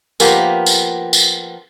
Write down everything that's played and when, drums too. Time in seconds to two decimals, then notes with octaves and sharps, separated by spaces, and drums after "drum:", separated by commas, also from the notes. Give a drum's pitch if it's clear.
0.20 F3 A#3 B3 G4, drum: tambourine
0.66 drum: tambourine
1.13 drum: tambourine